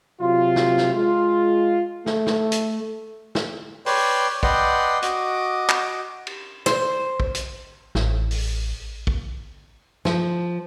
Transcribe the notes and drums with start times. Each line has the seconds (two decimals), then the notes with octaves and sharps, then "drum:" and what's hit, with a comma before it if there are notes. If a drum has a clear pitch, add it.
0.21 C3 F#3 F4
0.56 drum: snare
0.78 drum: snare
0.93 G#3 F4
2.06 A3, drum: snare
2.27 drum: snare
2.52 drum: hi-hat
3.35 drum: snare
3.86 B4 C#5 D5 G5 C6, drum: open hi-hat
4.43 B4 D5 D#5 F#5 G5 C6, drum: kick
5.02 F#4 D#5 D6, drum: hi-hat
5.69 drum: clap
6.27 drum: cymbal
6.66 C5, drum: snare
7.20 drum: kick
7.35 drum: hi-hat
7.95 A1, drum: snare
8.31 drum: open hi-hat
9.07 drum: kick
10.05 F3, drum: snare